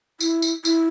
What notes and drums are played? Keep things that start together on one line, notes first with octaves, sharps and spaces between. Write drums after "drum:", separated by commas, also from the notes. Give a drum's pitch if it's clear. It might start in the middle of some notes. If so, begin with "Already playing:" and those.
E4, drum: tambourine
drum: tambourine
E4, drum: tambourine